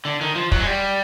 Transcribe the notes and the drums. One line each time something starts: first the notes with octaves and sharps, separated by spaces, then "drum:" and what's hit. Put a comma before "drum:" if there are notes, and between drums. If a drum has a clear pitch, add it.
D3
D#3
F3
F#3, drum: kick
G#3
G3